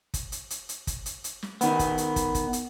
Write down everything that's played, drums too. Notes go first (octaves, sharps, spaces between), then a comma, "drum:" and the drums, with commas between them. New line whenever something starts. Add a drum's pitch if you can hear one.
drum: kick, hi-hat
drum: hi-hat
drum: hi-hat
drum: hi-hat
drum: kick, hi-hat
drum: hi-hat
drum: hi-hat
drum: snare
D#3 B3, drum: hi-hat
drum: kick, hi-hat
drum: hi-hat
drum: kick, hi-hat
drum: kick, hi-hat
drum: hi-hat